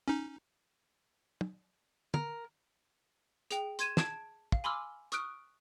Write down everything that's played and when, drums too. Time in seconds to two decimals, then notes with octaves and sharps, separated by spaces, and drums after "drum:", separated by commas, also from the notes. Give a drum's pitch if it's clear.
0.08 C#4 D#4
1.41 drum: tom
2.14 A#4, drum: tom
3.51 G#4 G5, drum: hi-hat
3.79 C6 G#6 D#7 E7, drum: hi-hat
3.97 A5 G#6 D7, drum: snare
4.52 F5, drum: kick
4.64 G#5 B5 C6 D6 E6 F6
5.12 C#6 D#6 F6 F#6 D7, drum: hi-hat